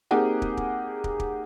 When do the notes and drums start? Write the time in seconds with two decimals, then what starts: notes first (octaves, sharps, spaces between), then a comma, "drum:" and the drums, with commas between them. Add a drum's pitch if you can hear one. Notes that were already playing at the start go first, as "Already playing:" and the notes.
0.11 A#3 C4 D#4 G4 G#4 F#5
0.42 drum: kick
0.57 drum: kick
1.04 drum: kick
1.20 drum: kick